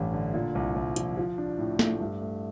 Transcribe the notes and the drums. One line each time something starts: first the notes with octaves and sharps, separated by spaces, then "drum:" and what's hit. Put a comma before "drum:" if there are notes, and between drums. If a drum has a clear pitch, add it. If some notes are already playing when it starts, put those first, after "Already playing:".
Already playing: A1 G2 G3 A3
D3
A#2
C2
C2
F3, drum: hi-hat
F3
D4
A2
A3, drum: snare
G2
A3